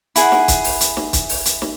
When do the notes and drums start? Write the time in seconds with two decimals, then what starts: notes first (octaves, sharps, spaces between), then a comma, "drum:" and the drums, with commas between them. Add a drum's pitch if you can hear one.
0.16 E4 G#4 F#5, drum: hi-hat
0.32 drum: snare
0.48 drum: kick, hi-hat
0.64 drum: open hi-hat
0.81 drum: hi-hat
0.97 drum: snare
1.13 drum: kick, hi-hat
1.29 drum: open hi-hat
1.45 drum: hi-hat
1.62 drum: snare